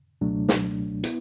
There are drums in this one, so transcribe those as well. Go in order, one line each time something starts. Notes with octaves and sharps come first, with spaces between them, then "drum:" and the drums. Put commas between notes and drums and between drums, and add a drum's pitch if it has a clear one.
C#2 B2 F#3 A3 D4
drum: snare
B3 E4, drum: hi-hat